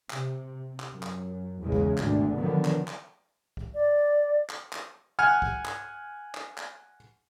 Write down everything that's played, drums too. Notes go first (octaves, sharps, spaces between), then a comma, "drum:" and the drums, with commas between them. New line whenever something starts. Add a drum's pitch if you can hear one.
C3, drum: clap
drum: clap
F#2
drum: clap
E2 C#3 G#3
drum: kick
G#1 D2 G#2 B2 D3, drum: clap
D3 D#3 F3 F#3 B3
drum: clap
drum: clap
drum: kick
D5
drum: clap
drum: clap
F#5 G#5 F6
drum: kick
drum: clap
drum: clap
drum: clap